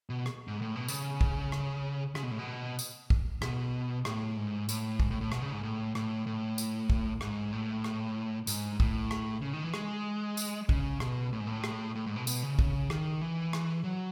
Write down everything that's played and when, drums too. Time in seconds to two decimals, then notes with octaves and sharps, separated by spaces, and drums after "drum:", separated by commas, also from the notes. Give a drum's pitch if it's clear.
0.10 B2
0.26 drum: rim click
0.48 G#2
0.62 A2
0.76 B2
0.89 C#3, drum: tambourine
1.21 drum: kick
1.52 drum: rim click
2.15 C#3, drum: rim click
2.23 B2
2.31 A2
2.39 B2
2.79 drum: tambourine
3.10 drum: kick
3.42 B2, drum: rim click
4.05 A2, drum: rim click
4.37 G#2
4.69 A2, drum: tambourine
5.00 G#2, drum: kick
5.11 A2
5.21 A2
5.32 B2, drum: rim click
5.42 C#3
5.52 G#2
5.63 A2
5.95 A2, drum: rim click
6.27 A2
6.58 drum: tambourine
6.90 drum: kick
7.21 G#2, drum: rim click
7.53 A2
7.84 drum: rim click
8.47 G#2, drum: tambourine
8.80 A2, drum: kick
9.11 drum: rim click
9.42 C#3
9.53 D#3
9.64 E3
9.74 G#3, drum: rim click
10.37 drum: tambourine
10.69 C#3, drum: kick
11.00 B2, drum: rim click
11.33 A2
11.40 G#2
11.47 A2
11.64 drum: rim click
11.95 A2
12.06 G#2
12.16 B2
12.27 B2, drum: tambourine
12.43 C#3
12.59 C#3, drum: kick
12.90 D#3, drum: rim click
13.21 E3
13.53 drum: rim click
13.84 F#3